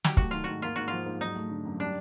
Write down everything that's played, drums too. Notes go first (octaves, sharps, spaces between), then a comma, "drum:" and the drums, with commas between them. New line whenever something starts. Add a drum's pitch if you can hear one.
F#3 G4, drum: snare
A3 F#4, drum: kick
D#3 F4
G#2 F#4
A#3 F4
G#2 F#4
F4
F3
G#2
F#3 D#4
A3
D3
F#2
G3 D4